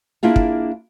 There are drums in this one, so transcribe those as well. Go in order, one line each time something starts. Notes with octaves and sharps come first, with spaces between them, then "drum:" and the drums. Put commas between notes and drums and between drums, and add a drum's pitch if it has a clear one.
A#3 D4 E4 F4 G#4
drum: kick